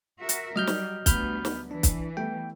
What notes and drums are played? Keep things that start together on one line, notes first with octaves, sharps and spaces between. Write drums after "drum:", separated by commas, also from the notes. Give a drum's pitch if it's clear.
F#4 A#4 E5
drum: hi-hat
F#3 G3 D#5 F6 G6
drum: snare
D2 G3 B3 B5 F6 G6, drum: kick, hi-hat
drum: snare
E3 D4
drum: kick, hi-hat
G3 A3 B3 G5